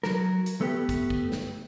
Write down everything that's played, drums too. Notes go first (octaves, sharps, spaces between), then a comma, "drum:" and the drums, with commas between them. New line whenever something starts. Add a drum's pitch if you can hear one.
F#3 A#4, drum: snare
drum: hi-hat
A3 B3 G4
drum: kick, hi-hat
drum: kick
drum: snare